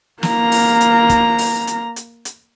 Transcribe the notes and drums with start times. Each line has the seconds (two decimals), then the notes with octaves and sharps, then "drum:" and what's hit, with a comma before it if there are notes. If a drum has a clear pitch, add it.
0.23 A#3 A#5, drum: snare
0.52 drum: open hi-hat
0.81 drum: hi-hat
1.09 drum: kick, hi-hat
1.38 drum: open hi-hat
1.67 drum: hi-hat
1.96 drum: hi-hat
2.25 drum: hi-hat